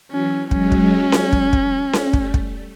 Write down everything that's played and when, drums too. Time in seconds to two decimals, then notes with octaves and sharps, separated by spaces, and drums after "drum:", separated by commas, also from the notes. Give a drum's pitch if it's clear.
0.11 E3 F#3 C#4
0.51 F#3 G#3 C#4, drum: kick
0.72 drum: kick
1.12 drum: snare C#4
1.33 drum: kick
1.53 drum: kick
1.93 drum: snare C#4
2.13 G3 A3, drum: kick
2.34 drum: kick